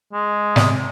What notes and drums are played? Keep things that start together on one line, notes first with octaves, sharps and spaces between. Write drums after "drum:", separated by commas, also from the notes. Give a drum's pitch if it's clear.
G#3
C3 D5 D#6, drum: snare